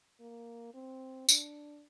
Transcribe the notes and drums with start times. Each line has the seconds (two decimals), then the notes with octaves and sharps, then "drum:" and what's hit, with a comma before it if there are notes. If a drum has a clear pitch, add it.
0.21 A#3
0.74 C4
1.29 D4, drum: tambourine